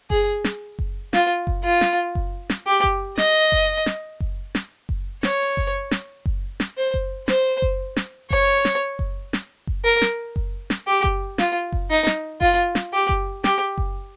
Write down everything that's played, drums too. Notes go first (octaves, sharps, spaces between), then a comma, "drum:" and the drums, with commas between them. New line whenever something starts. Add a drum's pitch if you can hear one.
G#4, drum: kick F#1
drum: snare
drum: kick F#1
F4, drum: snare
drum: kick F#1
F4
drum: snare
drum: kick F#1
drum: snare
G4
drum: kick F#1
D#5, drum: snare
drum: kick F#1
drum: snare
drum: kick F#1
drum: snare
drum: kick F#1
C#5, drum: snare
drum: kick F#1
drum: snare
drum: kick F#1
drum: snare
C5
drum: kick F#1
C5, drum: snare
drum: kick F#1
drum: snare
C#5, drum: kick F#1
drum: snare
drum: kick F#1
drum: snare
drum: kick F#1
A#4
drum: snare
drum: kick F#1
drum: snare
G4
drum: kick F#1
F4, drum: snare
drum: kick F#1
D#4
drum: snare
F4, drum: kick F#1
drum: snare
G4
drum: kick F#1
G4, drum: snare
drum: kick F#1